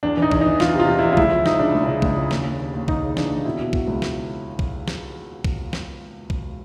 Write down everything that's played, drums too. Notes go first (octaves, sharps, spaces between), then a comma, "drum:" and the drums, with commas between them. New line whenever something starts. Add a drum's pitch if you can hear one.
E2 D4
E3
D#4
E2, drum: kick
E3 D#4
E3 F4, drum: snare
C3 F4
E2
E2 E4
F4
C#2 E4, drum: kick
F3
F3 D#4, drum: snare
C#3 D4
C#2
C#3 D4
C#2, drum: kick
C#3
D#2, drum: snare
D#2
D#2
D#2
D#2 D#4, drum: kick
C#3
E3 D4, drum: snare
D#2
B2 E4
B2
B2, drum: kick
C#2
drum: snare
drum: kick
drum: snare
drum: kick
drum: snare
drum: kick